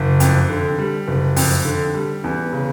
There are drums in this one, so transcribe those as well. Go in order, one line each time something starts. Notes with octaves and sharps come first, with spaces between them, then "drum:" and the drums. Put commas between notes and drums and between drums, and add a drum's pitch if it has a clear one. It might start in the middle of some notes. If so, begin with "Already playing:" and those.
Already playing: F#1
F2, drum: hi-hat
D3
G3
F#1
F2, drum: open hi-hat
D3
G3
E2
C#3